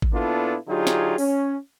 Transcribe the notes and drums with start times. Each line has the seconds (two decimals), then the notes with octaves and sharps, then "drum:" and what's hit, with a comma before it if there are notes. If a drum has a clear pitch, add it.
0.02 drum: kick G#1
0.13 A#2 B3 D4 E4 F4 A4
0.68 D3 F#3 D#4 F4 G4 G#4
0.87 drum: snare
1.18 C#4, drum: open hi-hat